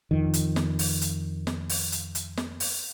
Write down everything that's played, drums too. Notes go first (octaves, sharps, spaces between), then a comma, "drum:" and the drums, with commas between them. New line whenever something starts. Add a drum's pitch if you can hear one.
F2 D#3
drum: hi-hat
drum: snare
drum: open hi-hat
drum: hi-hat
drum: snare
drum: open hi-hat
drum: hi-hat
drum: hi-hat
drum: snare
drum: open hi-hat